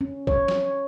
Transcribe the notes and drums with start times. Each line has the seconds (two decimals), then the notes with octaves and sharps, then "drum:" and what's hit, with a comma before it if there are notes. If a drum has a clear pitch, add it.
0.01 C#4
0.27 C#5, drum: kick
0.48 drum: snare